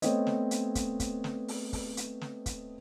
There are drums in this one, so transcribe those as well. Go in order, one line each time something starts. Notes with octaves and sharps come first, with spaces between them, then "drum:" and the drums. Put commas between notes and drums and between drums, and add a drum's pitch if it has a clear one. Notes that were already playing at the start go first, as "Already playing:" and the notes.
A3 B3 C4 C#5 D#5, drum: hi-hat
drum: snare
drum: hi-hat
drum: kick, hi-hat
drum: kick, hi-hat
drum: snare
drum: open hi-hat
drum: kick, open hi-hat
drum: hi-hat
drum: snare
drum: kick, hi-hat